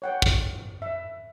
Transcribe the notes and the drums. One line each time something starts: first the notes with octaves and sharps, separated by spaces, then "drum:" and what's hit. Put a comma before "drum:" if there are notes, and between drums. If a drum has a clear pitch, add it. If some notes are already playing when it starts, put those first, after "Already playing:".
C#5 F#5 G5
drum: kick
E5